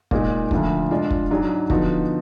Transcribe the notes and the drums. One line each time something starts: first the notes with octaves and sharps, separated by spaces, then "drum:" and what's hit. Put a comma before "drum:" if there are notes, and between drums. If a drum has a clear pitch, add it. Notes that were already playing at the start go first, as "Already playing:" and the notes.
A#2 G#3 D#4 G#4, drum: kick
D2 D3 F3, drum: kick
D3 G#3 D4 F4
drum: kick
G#2 F#3 D4 G#4
D3 F3 B3 D#4 F#4, drum: kick